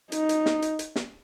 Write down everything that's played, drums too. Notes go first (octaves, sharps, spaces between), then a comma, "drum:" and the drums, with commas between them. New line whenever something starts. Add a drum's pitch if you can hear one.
D#4, drum: hi-hat
drum: hi-hat
drum: snare
drum: hi-hat
drum: hi-hat
drum: snare